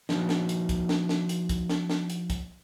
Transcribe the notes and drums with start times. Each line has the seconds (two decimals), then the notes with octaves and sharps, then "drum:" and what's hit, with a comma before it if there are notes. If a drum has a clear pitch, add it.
0.09 F3 D#4 F#4, drum: snare
0.29 drum: snare
0.49 drum: hi-hat
0.69 drum: kick, hi-hat
0.89 drum: snare
1.09 drum: snare
1.29 drum: hi-hat
1.49 drum: kick, hi-hat
1.69 drum: snare
1.90 drum: snare
2.10 drum: hi-hat
2.30 drum: kick, hi-hat